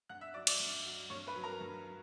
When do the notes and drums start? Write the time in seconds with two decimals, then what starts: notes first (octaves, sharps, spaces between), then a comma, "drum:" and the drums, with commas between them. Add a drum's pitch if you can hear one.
0.09 G2 F#5 F#6
0.21 E5 E6
0.34 F#3 D5 D6
0.47 D5 D6, drum: cymbal
0.60 G2
0.86 F#3
1.10 G2 C#5 C#6
1.27 B4 B5
1.35 F#3
1.44 A#4 A#5
1.61 G2
1.86 F#3